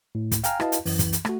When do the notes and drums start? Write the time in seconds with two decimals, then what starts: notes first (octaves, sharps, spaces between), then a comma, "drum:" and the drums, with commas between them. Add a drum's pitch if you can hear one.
0.15 A2
0.32 drum: kick, hi-hat
0.44 F5 G5 G#5 A#5 F6, drum: hi-hat
0.60 E4 F#4 B4 D#5 F5 A5, drum: rim click
0.72 drum: hi-hat
0.86 F#2 E3, drum: open hi-hat
0.99 drum: kick, hi-hat
1.13 drum: hi-hat
1.25 A3 F#4, drum: rim click